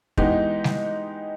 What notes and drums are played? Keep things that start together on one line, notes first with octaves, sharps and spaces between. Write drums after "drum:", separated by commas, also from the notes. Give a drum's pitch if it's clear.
E3 G#3 B3 D#4 G4, drum: kick
drum: snare G3